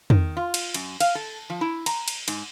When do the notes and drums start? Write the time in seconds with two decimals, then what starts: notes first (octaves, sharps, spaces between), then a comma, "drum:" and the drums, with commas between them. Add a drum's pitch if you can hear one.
0.10 D#3, drum: tom
0.37 F4
0.54 drum: cymbal
0.74 F#2, drum: cymbal
1.00 F5, drum: cymbal
1.15 A4
1.50 F3
1.61 E4
1.86 A#5, drum: cymbal
2.08 drum: cymbal
2.28 G#2, drum: cymbal